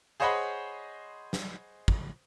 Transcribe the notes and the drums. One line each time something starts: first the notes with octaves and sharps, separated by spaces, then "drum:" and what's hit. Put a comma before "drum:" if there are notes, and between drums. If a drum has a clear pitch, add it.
G#4 C5 C#5 D#5 F#5 B5
drum: snare
drum: kick